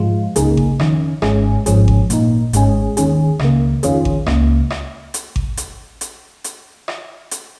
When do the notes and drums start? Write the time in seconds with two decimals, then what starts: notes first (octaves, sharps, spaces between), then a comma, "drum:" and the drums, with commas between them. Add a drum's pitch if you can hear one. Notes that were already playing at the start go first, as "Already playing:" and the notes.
Already playing: G#2 F3 G#3 F4
0.36 C#2 C#3 A#3 D#4 G#4, drum: hi-hat
0.57 drum: kick G#1
0.80 F2 D#3 C#4, drum: rim click
1.22 G#1 G#2 G#3 C#4 G#4, drum: rim click
1.66 G#1 G#2 F3 C#4 G#4, drum: hi-hat
1.88 drum: kick G#1
2.10 A#2 A#3 D#4, drum: hi-hat
2.53 G#1 G#2 G#3 C#4 G#4, drum: hi-hat
2.97 D#2 D#3 C#4 G#4, drum: hi-hat
3.39 C#2 C#3 A#3, drum: rim click
3.83 F2 D#3 C#4 F4 G#4, drum: hi-hat
4.05 drum: kick G#1
4.26 C#2 C#3 A#3, drum: rim click
4.70 drum: rim click
5.14 drum: hi-hat
5.36 drum: kick G#1
5.57 drum: hi-hat
6.01 drum: hi-hat
6.44 drum: hi-hat
6.88 drum: rim click
7.31 drum: hi-hat